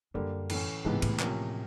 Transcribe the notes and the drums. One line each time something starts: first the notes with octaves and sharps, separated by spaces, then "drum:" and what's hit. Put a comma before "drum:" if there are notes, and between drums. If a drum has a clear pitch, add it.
F#2 D3 G3 A#3
A2 E3 A3 C#4, drum: cymbal
C#2 G#2 C3 E3 G#3 B3
A2, drum: cymbal
C3 F3 A#3 C#4, drum: clap